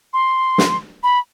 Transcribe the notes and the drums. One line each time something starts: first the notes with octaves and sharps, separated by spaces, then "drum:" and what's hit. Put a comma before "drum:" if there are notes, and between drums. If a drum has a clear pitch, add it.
C6
drum: snare
B5